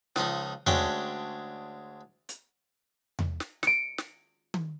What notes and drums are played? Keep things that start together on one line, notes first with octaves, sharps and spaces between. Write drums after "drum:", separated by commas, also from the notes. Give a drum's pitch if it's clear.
C#2 F3 D#4, drum: snare
D2 G#3 C#4 D4 G5 D6, drum: tom E2
drum: hi-hat
drum: tom E2
drum: snare
C#7 D7, drum: snare
drum: snare
drum: tom D#3